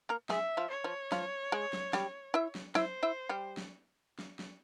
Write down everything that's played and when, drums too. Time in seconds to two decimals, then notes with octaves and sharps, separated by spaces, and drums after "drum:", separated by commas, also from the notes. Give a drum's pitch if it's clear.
0.09 A#3 A#4
0.29 G#3 G#4 E5, drum: snare
0.57 F3 F4
0.70 C#5
0.84 F3 F4
1.12 F3 F4, drum: snare
1.52 G#3 G#4
1.73 drum: snare
1.93 G3 G4, drum: snare
2.34 E4 E5
2.55 drum: snare
2.75 E4 C5 E5, drum: snare
3.03 E4 E5
3.29 G3 G4
3.57 drum: snare
4.19 drum: snare
4.39 drum: snare